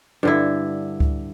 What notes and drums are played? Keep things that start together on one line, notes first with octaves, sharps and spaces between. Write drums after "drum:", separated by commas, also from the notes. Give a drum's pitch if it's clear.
G2 D3 E4
drum: kick C#2